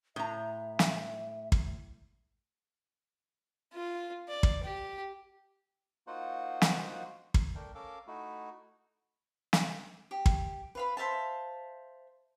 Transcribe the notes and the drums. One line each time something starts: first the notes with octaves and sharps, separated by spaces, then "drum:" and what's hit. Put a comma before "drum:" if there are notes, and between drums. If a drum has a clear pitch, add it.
A2 E5 A#5
drum: snare
drum: kick
F4
D5
drum: kick
G4
A#3 D#4 F4 F#4 C5 F#5
drum: snare
drum: kick
A3 D4 A#4 G5
C#4 A4 A#4 F5 D6
A3 D#4 E4 F#4
drum: snare
G4
drum: kick
B4 F5 B5
C5 E5 F5 A5